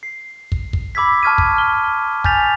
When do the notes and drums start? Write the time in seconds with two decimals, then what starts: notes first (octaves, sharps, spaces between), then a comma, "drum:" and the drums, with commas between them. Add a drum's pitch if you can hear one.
0.03 C7
0.52 drum: kick
0.73 drum: kick
0.95 B5 D6 E6 G#6 B6
1.23 A5 C#6 F6 G#6 B6 D#7
1.38 drum: kick
1.56 F6 G7
2.24 G#5 F6 G6 A6 B6 F7, drum: kick